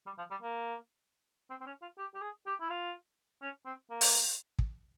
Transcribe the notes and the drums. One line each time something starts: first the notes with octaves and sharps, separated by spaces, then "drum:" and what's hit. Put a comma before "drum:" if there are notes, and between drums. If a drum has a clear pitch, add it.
G3
F3
G3
A#3
C4
C4
C#4
F4
G4
G4
G#4
G4
E4
F4
C#4
C4
A#3
drum: open hi-hat
drum: kick